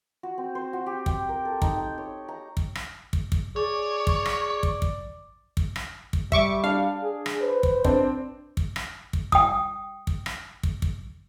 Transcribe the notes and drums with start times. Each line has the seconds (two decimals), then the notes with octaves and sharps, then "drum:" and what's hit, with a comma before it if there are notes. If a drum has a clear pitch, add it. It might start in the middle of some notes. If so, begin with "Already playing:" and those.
0.23 F#4
0.38 C4
0.55 C5
0.73 F#4
0.86 G4
1.06 G5, drum: kick
1.29 A#4
1.45 A4
1.62 D#4, drum: kick
1.76 G5
1.98 C#5
2.29 A#5
2.57 drum: kick
2.75 drum: rim click
3.13 drum: kick
3.32 drum: kick
3.56 G#4 C#5 D5
4.07 drum: kick
4.26 drum: rim click
4.63 drum: kick
4.82 drum: kick
5.57 drum: kick
5.76 drum: rim click
6.13 drum: kick
6.32 G3 E5 C#6 D6, drum: kick
6.64 D4 F5
7.03 G#4
7.26 drum: rim click
7.42 B4 C5
7.63 drum: kick
7.84 C4 D4, drum: kick
8.57 drum: kick
8.76 drum: rim click
9.13 drum: kick
9.32 G5 D#6, drum: kick
10.07 drum: kick
10.26 drum: rim click
10.63 drum: kick
10.82 drum: kick